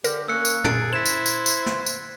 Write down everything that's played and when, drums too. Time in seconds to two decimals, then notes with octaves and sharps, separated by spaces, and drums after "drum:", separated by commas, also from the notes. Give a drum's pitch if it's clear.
0.04 D3 G4 A#4, drum: tambourine
0.28 A#3 C#4 E6 F#6 C#7
0.45 drum: tambourine
0.64 G#4 A6 D7, drum: tom
0.93 E4 C5 G#6 B6 E7
1.05 drum: tambourine
1.26 drum: tambourine
1.46 drum: tambourine
1.66 drum: snare
1.86 drum: tambourine